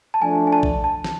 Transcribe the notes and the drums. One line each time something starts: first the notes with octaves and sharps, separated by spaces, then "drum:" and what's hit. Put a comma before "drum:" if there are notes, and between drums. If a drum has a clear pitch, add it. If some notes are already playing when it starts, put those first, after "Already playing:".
A5
F3 A3 D4 G#5
G#5
A5
drum: kick A#1
A5
drum: snare